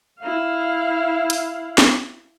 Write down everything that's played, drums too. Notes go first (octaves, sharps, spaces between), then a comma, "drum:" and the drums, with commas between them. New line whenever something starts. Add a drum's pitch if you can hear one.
E4 F5
drum: hi-hat
drum: snare